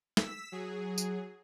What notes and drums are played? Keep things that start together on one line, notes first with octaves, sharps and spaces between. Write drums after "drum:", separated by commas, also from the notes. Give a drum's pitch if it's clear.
E6 B6, drum: snare
F#3 G#4
drum: tambourine